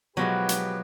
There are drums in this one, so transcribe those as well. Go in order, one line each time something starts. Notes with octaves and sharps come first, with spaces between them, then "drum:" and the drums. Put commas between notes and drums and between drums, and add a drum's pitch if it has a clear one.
B2 F3 F#3 G#3 G4 B4
drum: hi-hat